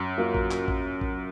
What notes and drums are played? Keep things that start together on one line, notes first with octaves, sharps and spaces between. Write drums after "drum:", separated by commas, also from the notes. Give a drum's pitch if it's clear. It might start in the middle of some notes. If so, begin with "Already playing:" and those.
Already playing: F#2
F#3 A#3 F4 A#4
drum: kick A1
drum: clap
drum: kick A1
drum: kick A1